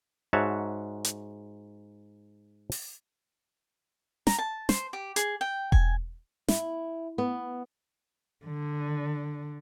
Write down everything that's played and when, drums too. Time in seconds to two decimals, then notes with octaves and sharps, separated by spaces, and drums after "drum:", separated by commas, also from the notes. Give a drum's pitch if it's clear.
0.33 G#2 F#4 C#5 E5 F#5 A5
1.04 drum: hi-hat
2.72 drum: open hi-hat
4.27 A#5, drum: snare
4.38 A5
4.69 C5, drum: snare
4.93 G4
5.16 G#4, drum: hi-hat
5.41 G5
5.72 G#5, drum: kick E1
6.48 E4, drum: snare
7.18 B3
8.45 D3